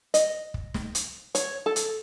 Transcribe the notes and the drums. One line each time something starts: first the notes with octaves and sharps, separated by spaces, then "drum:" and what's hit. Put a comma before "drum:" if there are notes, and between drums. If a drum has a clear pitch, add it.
D#5, drum: hi-hat
drum: kick
drum: snare
drum: hi-hat
C#5, drum: hi-hat
A4
drum: hi-hat